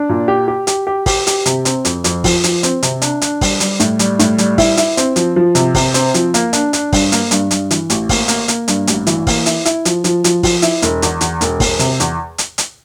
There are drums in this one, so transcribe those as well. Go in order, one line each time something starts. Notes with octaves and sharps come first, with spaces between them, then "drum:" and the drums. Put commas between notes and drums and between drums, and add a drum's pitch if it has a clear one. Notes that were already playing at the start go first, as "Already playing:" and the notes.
Already playing: D4
A#2
G4
G4
G4, drum: hi-hat
G4
G4, drum: kick, open hi-hat
G4, drum: hi-hat
C3, drum: hi-hat
C4, drum: hi-hat
F2, drum: hi-hat
F2, drum: hi-hat
F3, drum: kick, open hi-hat
F3, drum: hi-hat
C4, drum: hi-hat
C3, drum: hi-hat
D4, drum: hi-hat
D4, drum: hi-hat
G3, drum: kick, open hi-hat
G3, drum: hi-hat
A2, drum: hi-hat
G3, drum: hi-hat
A2, drum: hi-hat
G3, drum: hi-hat
E4, drum: kick, open hi-hat
E4, drum: hi-hat
C4, drum: hi-hat
F3, drum: hi-hat
F3
C3, drum: hi-hat
C3, drum: kick, open hi-hat
C4, drum: hi-hat
F3, drum: hi-hat
A#3, drum: hi-hat
D4, drum: hi-hat
D4, drum: hi-hat
G2, drum: kick, open hi-hat
A#3, drum: hi-hat
G2, drum: hi-hat
G2, drum: hi-hat
E3, drum: hi-hat
A1, drum: hi-hat
A#3, drum: kick, open hi-hat
A#3, drum: hi-hat
A#3, drum: hi-hat
G2, drum: hi-hat
A1, drum: hi-hat
E3, drum: hi-hat
A#3, drum: kick, open hi-hat
E4, drum: hi-hat
E4, drum: hi-hat
F3, drum: hi-hat
F3, drum: hi-hat
F3, drum: hi-hat
F3, drum: kick, open hi-hat
E4, drum: hi-hat
E1, drum: hi-hat
E2, drum: hi-hat
E2, drum: hi-hat
E1, drum: hi-hat
E1, drum: kick, open hi-hat
C3, drum: hi-hat
E2, drum: hi-hat
drum: hi-hat
drum: hi-hat